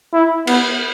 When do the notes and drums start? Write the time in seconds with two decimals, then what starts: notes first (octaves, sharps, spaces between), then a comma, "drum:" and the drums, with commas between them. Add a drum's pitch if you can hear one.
0.14 E4
0.47 B3, drum: cymbal